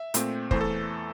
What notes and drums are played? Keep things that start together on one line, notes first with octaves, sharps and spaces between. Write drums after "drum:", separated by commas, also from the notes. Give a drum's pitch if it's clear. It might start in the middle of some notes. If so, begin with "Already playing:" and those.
Already playing: E5
A#2 A3 C4, drum: hi-hat
E2 E3 A3 C5, drum: kick
A4